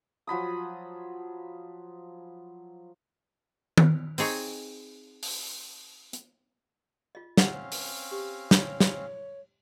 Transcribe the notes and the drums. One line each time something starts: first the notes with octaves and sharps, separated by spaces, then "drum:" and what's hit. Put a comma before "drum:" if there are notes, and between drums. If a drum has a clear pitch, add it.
F3 F#3 B5 D#6
drum: tom D#3
C4 D#4 G#4 C#5, drum: open hi-hat
drum: open hi-hat
drum: hi-hat
F4 D#5
C4 C#4 C#5 F5 F#5, drum: snare
drum: open hi-hat
G4
C#5, drum: snare
drum: snare